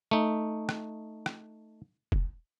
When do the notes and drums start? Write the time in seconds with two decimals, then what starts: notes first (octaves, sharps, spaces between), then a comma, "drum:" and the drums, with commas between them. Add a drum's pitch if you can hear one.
0.11 A3 D#4
0.69 drum: rim click
1.26 drum: rim click
2.12 drum: kick